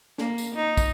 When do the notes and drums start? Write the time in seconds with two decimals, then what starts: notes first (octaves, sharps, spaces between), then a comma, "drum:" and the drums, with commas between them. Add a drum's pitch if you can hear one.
0.18 A#3, drum: snare
0.38 drum: tambourine
0.55 D#4
0.77 drum: kick, tambourine